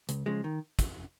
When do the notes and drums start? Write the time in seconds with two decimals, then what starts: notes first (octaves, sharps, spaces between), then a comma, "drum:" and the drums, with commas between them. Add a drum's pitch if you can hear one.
0.09 C#2, drum: hi-hat
0.26 C#3 F3 G#3
0.44 D#3
0.79 drum: kick, hi-hat